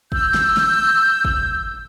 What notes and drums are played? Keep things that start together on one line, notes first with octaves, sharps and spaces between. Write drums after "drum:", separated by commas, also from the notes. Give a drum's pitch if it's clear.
E6 G6, drum: kick
drum: snare
drum: snare
drum: kick